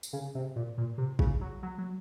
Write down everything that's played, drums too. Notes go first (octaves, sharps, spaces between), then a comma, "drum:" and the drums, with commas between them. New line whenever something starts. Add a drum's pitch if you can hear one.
drum: tambourine
C#3
C3
A#2
A#2
C3
C#3, drum: kick
F#3
F#3
F#3